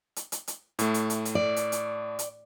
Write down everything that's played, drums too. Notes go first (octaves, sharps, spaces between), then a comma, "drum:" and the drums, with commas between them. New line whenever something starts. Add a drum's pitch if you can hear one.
drum: hi-hat
drum: hi-hat
drum: hi-hat
A2 A3, drum: hi-hat
drum: hi-hat
drum: hi-hat
drum: hi-hat
D5
drum: hi-hat
drum: hi-hat
drum: hi-hat